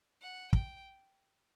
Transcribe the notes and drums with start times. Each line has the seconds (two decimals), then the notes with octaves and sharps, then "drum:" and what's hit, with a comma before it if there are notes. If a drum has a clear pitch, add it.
0.22 F#5
0.53 G5, drum: kick